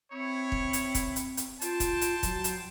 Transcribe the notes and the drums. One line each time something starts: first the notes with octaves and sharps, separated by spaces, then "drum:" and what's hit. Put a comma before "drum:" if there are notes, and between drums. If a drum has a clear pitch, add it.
C4 E4 C#5
drum: kick
drum: hi-hat
drum: kick, hi-hat
drum: hi-hat
drum: hi-hat
F4 C5 G5 A5, drum: hi-hat
drum: kick, hi-hat
drum: hi-hat
F#3, drum: kick, hi-hat
drum: hi-hat